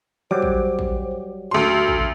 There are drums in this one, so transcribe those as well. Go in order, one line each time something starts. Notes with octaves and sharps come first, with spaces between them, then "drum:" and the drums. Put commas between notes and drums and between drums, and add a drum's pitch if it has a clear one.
F#3 G3 C5 D6
drum: kick A1
drum: kick A1
D2 F#4 C6
drum: kick A1